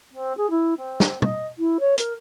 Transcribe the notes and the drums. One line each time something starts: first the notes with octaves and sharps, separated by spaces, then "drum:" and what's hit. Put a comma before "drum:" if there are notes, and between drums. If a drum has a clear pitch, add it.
C4
G#4
E4
C4
drum: snare
D#5, drum: tom B2
E4
C#5
A#4, drum: hi-hat